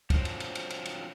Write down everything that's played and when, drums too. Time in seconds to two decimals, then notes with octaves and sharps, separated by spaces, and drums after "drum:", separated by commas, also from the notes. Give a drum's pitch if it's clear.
0.10 F3 F#3 C4 D4, drum: kick, cymbal
0.25 drum: cymbal
0.40 drum: cymbal
0.55 drum: cymbal
0.70 drum: cymbal
0.86 drum: cymbal